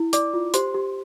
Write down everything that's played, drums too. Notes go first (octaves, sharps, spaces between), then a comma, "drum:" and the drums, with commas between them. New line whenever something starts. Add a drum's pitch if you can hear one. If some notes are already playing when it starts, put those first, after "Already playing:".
Already playing: E4
D5 D6, drum: hi-hat
F4
G4 C5 C6, drum: hi-hat
G4